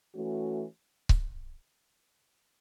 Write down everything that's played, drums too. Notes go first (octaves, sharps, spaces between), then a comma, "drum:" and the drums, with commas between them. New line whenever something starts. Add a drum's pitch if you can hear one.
E3 A3 C#4 F#4
drum: kick C#1